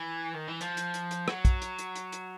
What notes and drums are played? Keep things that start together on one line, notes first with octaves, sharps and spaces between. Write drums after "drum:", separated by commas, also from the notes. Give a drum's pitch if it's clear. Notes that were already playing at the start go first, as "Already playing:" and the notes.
Already playing: E3
D#3
E3
F3, drum: hi-hat
drum: hi-hat
drum: hi-hat
drum: hi-hat
F#3, drum: rim click
drum: kick, hi-hat
drum: hi-hat
drum: hi-hat
drum: hi-hat
drum: hi-hat